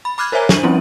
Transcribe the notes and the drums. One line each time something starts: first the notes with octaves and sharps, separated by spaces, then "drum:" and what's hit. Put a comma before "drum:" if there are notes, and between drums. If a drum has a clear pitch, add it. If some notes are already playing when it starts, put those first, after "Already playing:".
B5
B5 D6 F6 F#6 G#6
A#4 C5 C#5 E5 G#5 A#5
D4 D#7 F#7, drum: snare
F3 G3 C4 C#4 E4